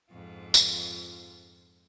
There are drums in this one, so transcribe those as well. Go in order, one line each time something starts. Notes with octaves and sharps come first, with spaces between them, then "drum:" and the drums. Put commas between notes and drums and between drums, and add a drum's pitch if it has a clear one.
F2 G#2 F4
drum: tambourine